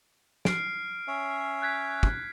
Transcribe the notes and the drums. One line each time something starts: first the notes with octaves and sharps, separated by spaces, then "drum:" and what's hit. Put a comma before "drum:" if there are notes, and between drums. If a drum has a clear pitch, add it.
F6 C7 D7, drum: snare
C#4 C#5 E5
F#6 G#6 B6
drum: kick